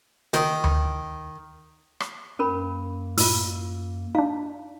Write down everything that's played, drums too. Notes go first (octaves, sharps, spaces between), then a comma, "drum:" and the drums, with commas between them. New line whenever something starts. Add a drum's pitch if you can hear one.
D#3, drum: snare
drum: tom D2
drum: rim click
F#2 A#3 C#4 A#4 B5
A2 F4 E6, drum: open hi-hat
D4 D#4 F5